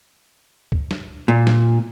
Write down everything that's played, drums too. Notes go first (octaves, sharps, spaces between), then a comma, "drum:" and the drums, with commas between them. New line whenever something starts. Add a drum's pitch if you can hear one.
drum: kick
drum: snare
A#2
drum: snare